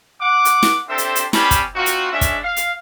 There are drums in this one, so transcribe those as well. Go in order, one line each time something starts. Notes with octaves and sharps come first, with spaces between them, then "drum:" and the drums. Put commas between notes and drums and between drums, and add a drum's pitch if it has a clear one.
F#5 D6
drum: hi-hat
drum: snare
C4 D4 G4 A4 C5 E5
drum: hi-hat
drum: hi-hat
G3 C4 C#4 G4 A5 B5, drum: snare
drum: kick, hi-hat
C4 D#4 F4 F#4
drum: hi-hat
G#3 C#4 D4 E5
drum: kick, hi-hat
F5
drum: hi-hat